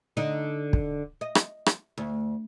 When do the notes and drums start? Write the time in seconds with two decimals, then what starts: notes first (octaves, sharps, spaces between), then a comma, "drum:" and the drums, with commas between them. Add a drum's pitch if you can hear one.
0.17 D3 D#4 D#5
0.73 drum: kick
1.21 D#5
1.35 drum: rim click
1.66 drum: rim click
1.98 D2